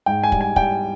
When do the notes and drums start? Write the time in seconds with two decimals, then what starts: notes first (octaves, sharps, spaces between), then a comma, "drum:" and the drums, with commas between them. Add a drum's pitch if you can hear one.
0.06 G#2 G5
0.23 G#5
0.32 G3, drum: kick
0.41 G#5
0.56 G3 G5, drum: kick